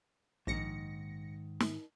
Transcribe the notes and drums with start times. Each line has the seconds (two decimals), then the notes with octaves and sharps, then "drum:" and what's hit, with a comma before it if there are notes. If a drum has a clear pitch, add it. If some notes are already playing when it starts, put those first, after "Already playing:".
0.47 A#1 G#2 D#3 A#6 C#7
1.60 drum: snare